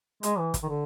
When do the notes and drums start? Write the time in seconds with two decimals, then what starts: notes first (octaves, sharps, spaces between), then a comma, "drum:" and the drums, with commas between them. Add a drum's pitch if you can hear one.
0.23 G#3, drum: hi-hat
0.38 E3
0.54 drum: kick, hi-hat
0.63 D#3
0.69 D3